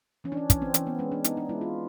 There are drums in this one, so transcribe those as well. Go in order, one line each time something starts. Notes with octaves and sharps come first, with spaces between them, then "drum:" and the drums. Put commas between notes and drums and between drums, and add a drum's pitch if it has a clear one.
E3 C#4
D4
C#4
E3 C#4, drum: kick, hi-hat
C4
E3 C#4, drum: hi-hat
B3
G#3 C#4
D4
B3 D#4, drum: hi-hat
D4
G#3 E4
F4